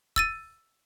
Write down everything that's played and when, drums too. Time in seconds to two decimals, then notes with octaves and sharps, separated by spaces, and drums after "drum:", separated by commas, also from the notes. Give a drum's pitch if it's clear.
0.16 E6 A6 D#7, drum: kick